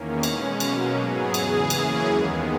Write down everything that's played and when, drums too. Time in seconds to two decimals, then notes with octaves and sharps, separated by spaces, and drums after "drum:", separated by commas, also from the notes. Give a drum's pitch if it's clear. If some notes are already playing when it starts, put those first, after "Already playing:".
Already playing: E2 D#3 A#3 C#4
0.23 B2 G#3 C#4, drum: cymbal
0.60 B2 F#3 A#3 C#4, drum: cymbal
0.97 G#2 F#3 B3 G#4
1.34 E2 C#3 E3, drum: cymbal
1.70 F#2 E3 A#3 C#4, drum: cymbal
2.07 D#2 D#3 G#3 B3